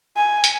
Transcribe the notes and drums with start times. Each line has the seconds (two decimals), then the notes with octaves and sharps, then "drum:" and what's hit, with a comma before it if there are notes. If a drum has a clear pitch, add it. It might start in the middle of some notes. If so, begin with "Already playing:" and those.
0.16 G#5
0.44 drum: hi-hat